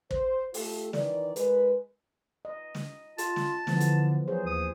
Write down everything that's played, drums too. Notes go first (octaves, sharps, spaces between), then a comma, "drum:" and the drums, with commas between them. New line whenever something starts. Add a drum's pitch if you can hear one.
C5, drum: kick
A3 F4 G4 A4, drum: open hi-hat
D#3 E3 D5, drum: snare
G#3 A#4 B4, drum: hi-hat
D#5
drum: snare
F4 A5, drum: hi-hat
drum: snare
D3 E3 F3 B3, drum: snare
drum: hi-hat
F#3 G#4 C5
D#2 D#6